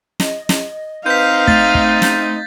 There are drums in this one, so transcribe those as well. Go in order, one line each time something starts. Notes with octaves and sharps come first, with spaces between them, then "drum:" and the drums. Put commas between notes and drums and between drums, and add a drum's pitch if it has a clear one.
D#5, drum: snare
drum: snare
C4 D#4 B4 F5 G6 B6
A3 A6, drum: kick
drum: kick
drum: snare